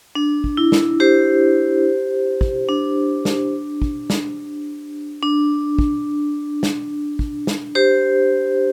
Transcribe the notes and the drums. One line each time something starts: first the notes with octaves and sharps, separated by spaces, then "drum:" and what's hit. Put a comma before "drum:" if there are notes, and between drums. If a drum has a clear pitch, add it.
D4
drum: kick
E4
drum: snare
G4 C5
drum: kick
D4
drum: snare
drum: kick
drum: snare
D4
drum: kick
drum: snare
drum: kick
drum: snare
G4 C5